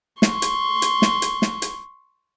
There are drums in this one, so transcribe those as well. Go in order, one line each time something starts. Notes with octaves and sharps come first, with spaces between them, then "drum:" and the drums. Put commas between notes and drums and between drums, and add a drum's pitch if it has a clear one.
C6 C#6, drum: snare
drum: hi-hat
drum: hi-hat
drum: snare
drum: hi-hat
drum: snare
drum: hi-hat